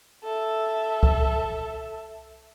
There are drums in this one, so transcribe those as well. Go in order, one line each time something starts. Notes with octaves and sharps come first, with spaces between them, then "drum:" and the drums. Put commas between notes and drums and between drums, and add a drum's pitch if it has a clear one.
A4 E5
drum: kick C2